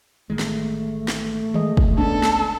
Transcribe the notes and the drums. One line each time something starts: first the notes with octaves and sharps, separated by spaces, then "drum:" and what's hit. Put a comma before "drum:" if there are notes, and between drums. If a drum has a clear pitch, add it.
A1 D#3 G#3 A3
drum: snare
drum: snare
G#3 D#5, drum: tom D#3
drum: kick
C#2 B3 C#4 D4 A4
drum: snare